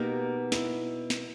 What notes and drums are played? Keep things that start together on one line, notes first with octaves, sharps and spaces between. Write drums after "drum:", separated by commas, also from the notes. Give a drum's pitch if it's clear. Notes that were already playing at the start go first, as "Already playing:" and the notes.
Already playing: B2 A#3 D#4 G4 A#4
E4, drum: snare
drum: snare